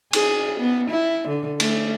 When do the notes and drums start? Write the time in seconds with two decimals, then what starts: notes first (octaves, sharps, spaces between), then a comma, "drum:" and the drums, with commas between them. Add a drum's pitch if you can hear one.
0.13 G#4, drum: cymbal
0.60 B3
0.90 E4
1.28 D3
1.60 A3, drum: cymbal